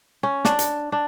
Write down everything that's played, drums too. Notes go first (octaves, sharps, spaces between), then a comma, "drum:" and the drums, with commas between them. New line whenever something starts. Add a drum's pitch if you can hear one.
C#4
D4, drum: snare
drum: hi-hat
D4